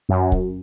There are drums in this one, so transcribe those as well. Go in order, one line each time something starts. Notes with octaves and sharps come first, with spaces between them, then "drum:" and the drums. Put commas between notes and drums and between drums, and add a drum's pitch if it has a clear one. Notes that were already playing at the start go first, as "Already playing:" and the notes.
F#2
drum: kick